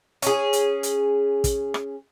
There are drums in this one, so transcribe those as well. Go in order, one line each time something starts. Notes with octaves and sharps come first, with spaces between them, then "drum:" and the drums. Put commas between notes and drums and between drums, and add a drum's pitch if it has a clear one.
C#4 G#4, drum: hi-hat
drum: hi-hat
drum: hi-hat
drum: kick, hi-hat
drum: rim click